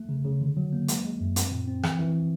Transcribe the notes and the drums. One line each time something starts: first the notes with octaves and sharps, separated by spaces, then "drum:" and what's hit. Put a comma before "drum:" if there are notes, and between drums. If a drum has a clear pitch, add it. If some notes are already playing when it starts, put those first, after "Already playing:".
Already playing: A3
C#3
C#3
D3
F#3
A#3
G#3, drum: hi-hat
G#3
F#2
C4, drum: hi-hat
A#2
C4
E3, drum: rim click
E3